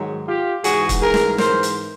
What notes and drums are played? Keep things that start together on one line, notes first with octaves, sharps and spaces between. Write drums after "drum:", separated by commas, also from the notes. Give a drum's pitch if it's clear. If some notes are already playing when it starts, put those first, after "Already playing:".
Already playing: G#2 D#3 F#3
F4 G4
G#2 E3 F#4 G#4, drum: hi-hat
drum: kick, hi-hat
G#4 A#4
drum: snare
A#4 C5, drum: snare
drum: hi-hat